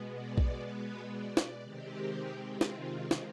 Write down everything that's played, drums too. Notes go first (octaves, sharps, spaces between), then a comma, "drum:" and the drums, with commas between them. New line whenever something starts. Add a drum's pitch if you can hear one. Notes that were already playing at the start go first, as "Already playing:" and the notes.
Already playing: B2 G#3 B3
D5
drum: kick A#1
B4
D5
drum: snare
C3 D#3 G#3 C4 G4
F4, drum: snare
drum: snare